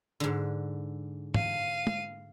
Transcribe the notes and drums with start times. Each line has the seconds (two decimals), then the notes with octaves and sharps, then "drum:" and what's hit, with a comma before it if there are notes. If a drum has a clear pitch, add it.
0.20 G#2 D3
1.34 F5 D#7, drum: tom
1.87 drum: tom